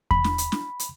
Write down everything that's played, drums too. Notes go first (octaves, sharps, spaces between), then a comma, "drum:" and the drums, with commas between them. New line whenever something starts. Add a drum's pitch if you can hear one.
B5, drum: kick E2
drum: snare
drum: hi-hat
drum: snare
drum: hi-hat